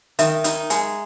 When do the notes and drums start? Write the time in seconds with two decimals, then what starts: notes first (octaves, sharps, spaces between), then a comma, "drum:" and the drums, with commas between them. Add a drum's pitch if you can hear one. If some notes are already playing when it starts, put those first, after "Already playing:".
0.19 D#3 E5, drum: hi-hat
0.44 D#4, drum: hi-hat
0.70 G#3 G#5, drum: hi-hat